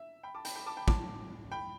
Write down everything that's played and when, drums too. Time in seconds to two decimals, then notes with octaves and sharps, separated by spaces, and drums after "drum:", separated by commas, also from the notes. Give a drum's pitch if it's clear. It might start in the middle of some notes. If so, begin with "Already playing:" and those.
Already playing: E5
0.23 G5 B5
0.35 A5 D6
0.45 G5 B5, drum: hi-hat
0.56 G5 B5
0.66 A5 D6
0.77 G5 B5
0.88 A5 D6, drum: kick
1.52 G5 B5